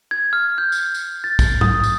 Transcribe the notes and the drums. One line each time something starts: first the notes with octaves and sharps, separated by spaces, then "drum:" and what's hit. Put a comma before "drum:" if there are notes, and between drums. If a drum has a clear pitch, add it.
G#6
F6
G6
drum: tambourine
drum: tambourine
A6
drum: kick, tambourine
D#6, drum: tom G#2
drum: tambourine